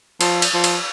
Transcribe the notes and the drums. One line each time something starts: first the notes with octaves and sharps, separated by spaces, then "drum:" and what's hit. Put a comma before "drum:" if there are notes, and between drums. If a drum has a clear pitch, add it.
F3, drum: cymbal
drum: cymbal
F3
drum: cymbal